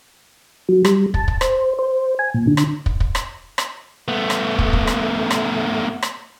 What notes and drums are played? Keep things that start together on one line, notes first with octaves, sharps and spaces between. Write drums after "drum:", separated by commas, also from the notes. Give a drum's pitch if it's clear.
F#3
G3, drum: rim click
A5, drum: kick
drum: kick
C5, drum: rim click
C5
G#5
A#2
D3
drum: rim click
drum: kick
drum: kick
drum: rim click
drum: rim click
A3 B3
drum: rim click
drum: kick
drum: kick
drum: rim click
drum: rim click
drum: rim click